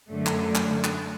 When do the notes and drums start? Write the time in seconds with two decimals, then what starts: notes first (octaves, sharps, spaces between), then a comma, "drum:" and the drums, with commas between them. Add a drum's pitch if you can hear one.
0.12 F#2 D3 A3
0.26 drum: clap
0.55 drum: clap
0.84 drum: clap